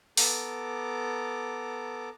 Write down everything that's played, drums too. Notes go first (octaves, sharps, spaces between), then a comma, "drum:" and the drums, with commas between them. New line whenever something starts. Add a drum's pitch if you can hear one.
B3 A4 A#5 D6, drum: open hi-hat